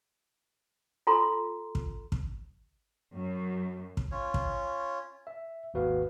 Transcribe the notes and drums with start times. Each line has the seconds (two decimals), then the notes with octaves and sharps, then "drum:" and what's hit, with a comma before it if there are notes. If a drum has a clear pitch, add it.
1.07 F4 A4 A#5 C6
1.75 drum: kick
2.12 drum: kick
3.13 F#2
3.97 drum: kick
4.11 C#4 F4 C#5
4.34 drum: kick
5.27 E5
5.74 G#1 D#2 F#4 B4 F5